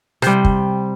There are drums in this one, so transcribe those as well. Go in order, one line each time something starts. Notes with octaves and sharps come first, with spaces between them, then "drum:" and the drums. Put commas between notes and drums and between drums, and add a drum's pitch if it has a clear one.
C3 G3 C5, drum: rim click
drum: kick